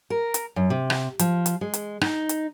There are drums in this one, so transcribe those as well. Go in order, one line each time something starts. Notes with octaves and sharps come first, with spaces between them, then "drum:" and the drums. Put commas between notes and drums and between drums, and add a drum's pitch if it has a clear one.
A#4
drum: hi-hat
F#2
C3
drum: rim click
F3, drum: hi-hat
drum: hi-hat
G#3
drum: hi-hat
D#4, drum: rim click
drum: hi-hat